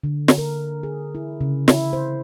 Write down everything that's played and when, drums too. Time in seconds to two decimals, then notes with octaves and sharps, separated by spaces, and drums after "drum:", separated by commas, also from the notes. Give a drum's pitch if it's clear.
0.04 D3
0.28 drum: snare
0.38 A#4
0.83 G#4
1.15 E4
1.41 C#3
1.68 E4, drum: snare
1.93 C5